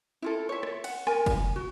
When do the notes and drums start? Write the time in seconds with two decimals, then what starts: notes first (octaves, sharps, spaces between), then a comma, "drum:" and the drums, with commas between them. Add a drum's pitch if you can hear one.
0.22 E4 F4 A4
0.49 C#5 E5
0.63 drum: rim click
0.84 F#5, drum: cymbal
1.07 A#4 G#5, drum: rim click
1.26 drum: kick, cymbal
1.56 F#4